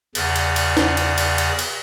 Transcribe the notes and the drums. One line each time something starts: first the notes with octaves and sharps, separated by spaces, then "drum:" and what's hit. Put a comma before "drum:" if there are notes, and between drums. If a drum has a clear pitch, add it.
E2 C#3 D5, drum: cymbal
drum: cymbal
drum: cymbal
drum: snare
drum: cymbal
drum: cymbal
drum: cymbal
drum: cymbal